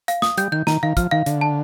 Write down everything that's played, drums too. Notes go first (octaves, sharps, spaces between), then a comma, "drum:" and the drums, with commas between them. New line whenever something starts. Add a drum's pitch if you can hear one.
F5, drum: hi-hat
D#6, drum: snare
G3 G6, drum: hi-hat
D#3 G6
D#3 A#5, drum: snare
D#3 F5
F3 F6, drum: kick, hi-hat
D#3 F5
D3 F5, drum: hi-hat
A5